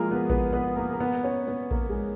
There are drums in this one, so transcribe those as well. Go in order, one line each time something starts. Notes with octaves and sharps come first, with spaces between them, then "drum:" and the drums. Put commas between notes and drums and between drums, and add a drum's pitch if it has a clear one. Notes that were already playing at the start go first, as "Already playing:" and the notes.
Already playing: F3 G#3 A#3 F4 G#4 A#4
B3 B4
B3 B4, drum: kick A1
B3 B4
A#3 A#4
A#4
B3 B4
C#4 C#5
B3 B4
A#3 A#4, drum: kick A1
G#3 G#4